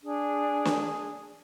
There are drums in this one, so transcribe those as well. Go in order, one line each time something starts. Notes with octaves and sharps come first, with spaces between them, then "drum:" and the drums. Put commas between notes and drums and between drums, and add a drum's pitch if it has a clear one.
D4 G#4
drum: snare